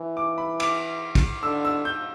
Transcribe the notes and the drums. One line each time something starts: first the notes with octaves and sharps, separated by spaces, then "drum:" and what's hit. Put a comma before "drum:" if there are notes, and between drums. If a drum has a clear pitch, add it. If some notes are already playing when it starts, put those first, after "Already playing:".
Already playing: E3
D6
B5
D6, drum: cymbal
drum: kick, cymbal
D3 E6
E6
G6